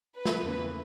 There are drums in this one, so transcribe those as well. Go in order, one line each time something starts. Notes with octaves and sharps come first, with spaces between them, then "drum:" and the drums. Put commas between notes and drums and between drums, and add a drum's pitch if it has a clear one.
B4
drum: snare
E2 C#3 E3 A#3